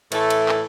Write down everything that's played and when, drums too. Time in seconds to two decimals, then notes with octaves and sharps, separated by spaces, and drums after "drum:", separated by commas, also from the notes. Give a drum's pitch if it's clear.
0.12 A2 E3 A3 E4 A4, drum: cymbal
0.30 drum: cymbal
0.49 drum: clap